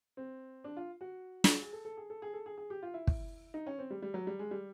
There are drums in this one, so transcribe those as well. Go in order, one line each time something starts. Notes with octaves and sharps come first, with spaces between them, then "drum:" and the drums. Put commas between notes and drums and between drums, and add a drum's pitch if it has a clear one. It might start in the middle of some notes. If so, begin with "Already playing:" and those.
C4
D4
F4
F#4
drum: snare
G#4
A4
A4
G#4
A4
G#4
A4
G#4
G#4
G4
F4
E4
drum: kick
D#4
C#4
C4
G3
G3
F#3
G3
G#3
G3